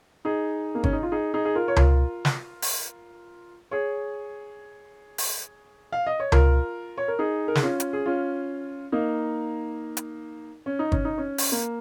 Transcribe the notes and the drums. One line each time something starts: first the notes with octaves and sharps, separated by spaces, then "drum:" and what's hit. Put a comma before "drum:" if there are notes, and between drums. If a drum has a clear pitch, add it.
D#4 G#4
A#3
C#4, drum: kick
D#4
F4
D#4 G#4
D#4 G#4
G#4
F4 A#4
C#5
F4 A#4, drum: tom C#2
drum: snare
drum: open hi-hat
G#4 C#5
drum: open hi-hat
F5
D#5
C#5
F4 A#4, drum: tom C#2
C#5
A#4
D#4 G#4
A#4
G#4, drum: snare
C#4 F4
drum: hi-hat
G#4
C#4 F4
A#3 D#4
drum: hi-hat
C#4
D#4
C#4, drum: kick
D#4
C#4
drum: open hi-hat
A#3